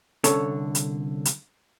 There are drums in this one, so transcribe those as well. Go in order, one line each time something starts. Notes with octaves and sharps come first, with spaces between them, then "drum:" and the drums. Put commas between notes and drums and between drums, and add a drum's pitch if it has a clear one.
C2 D3 C#4 A4 C#5 A5, drum: hi-hat
drum: hi-hat
drum: hi-hat